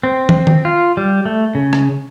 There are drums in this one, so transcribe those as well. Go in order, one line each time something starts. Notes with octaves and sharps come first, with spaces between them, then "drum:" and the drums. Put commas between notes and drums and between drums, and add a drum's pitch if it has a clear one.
C4
drum: tom
drum: tom D#3
F4
G3
A3
C#3
drum: rim click